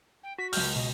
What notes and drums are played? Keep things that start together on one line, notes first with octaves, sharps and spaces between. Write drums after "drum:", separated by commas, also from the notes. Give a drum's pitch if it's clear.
G5
F#4 B6
C#2 F6 G6, drum: open hi-hat
B2 D#5